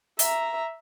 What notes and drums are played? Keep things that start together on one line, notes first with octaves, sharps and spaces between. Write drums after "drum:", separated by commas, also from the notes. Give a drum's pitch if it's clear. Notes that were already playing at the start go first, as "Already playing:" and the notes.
E5 A#5, drum: hi-hat